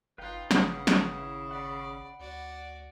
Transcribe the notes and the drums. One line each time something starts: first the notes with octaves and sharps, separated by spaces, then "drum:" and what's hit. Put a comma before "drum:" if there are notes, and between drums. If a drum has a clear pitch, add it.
G1 D#4 F4 B4 F5 G5
G#1 C#3 F#5, drum: snare
drum: snare
E4
D5 F#5 B5
D2 F#4 D5